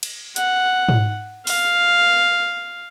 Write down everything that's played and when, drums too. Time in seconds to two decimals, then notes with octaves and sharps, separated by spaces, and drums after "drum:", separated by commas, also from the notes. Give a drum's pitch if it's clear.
0.03 drum: cymbal
0.36 F#5, drum: hi-hat
0.89 drum: tom G#2
1.47 F5, drum: open hi-hat